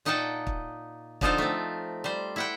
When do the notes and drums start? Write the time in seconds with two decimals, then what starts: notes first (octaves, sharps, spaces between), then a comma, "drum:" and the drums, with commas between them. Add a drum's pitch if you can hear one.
0.05 A#2 D#4 D#5 F#5 G5 A5
0.47 drum: kick
1.21 D3 F3 D#4 F4 A4 C5, drum: kick
1.38 A3 C4
2.04 G3 C5
2.36 E4 F#5 G5